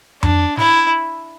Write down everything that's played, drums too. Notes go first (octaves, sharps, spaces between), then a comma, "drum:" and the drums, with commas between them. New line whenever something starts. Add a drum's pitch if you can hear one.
D4, drum: tom F2
E4, drum: snare